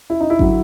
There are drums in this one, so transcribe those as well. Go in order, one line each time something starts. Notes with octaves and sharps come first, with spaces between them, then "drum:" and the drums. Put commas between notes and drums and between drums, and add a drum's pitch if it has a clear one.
E4
D#4
E4
D3 F#3, drum: kick G#1